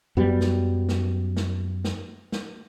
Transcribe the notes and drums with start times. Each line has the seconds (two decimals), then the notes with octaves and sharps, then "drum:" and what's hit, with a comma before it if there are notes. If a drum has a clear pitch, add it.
0.17 F#2 F#3 G3 B3
0.41 drum: snare
0.89 drum: snare
1.37 drum: snare
1.84 drum: snare
2.32 drum: snare